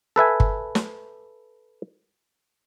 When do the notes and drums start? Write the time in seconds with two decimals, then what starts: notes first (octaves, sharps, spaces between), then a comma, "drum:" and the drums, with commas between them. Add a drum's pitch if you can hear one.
0.16 A4 B4 E5 G#5
0.40 drum: kick
0.75 drum: snare